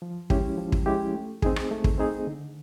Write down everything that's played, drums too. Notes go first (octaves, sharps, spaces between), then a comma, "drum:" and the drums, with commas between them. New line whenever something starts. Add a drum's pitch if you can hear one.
F3
G#3 C#4 E4 G4, drum: kick
F3
drum: kick
G#3 C#4 E4 G4
A3
C4 D#4 G#4, drum: kick
drum: rim click
A3
drum: kick
C4 D#4 G#4
D3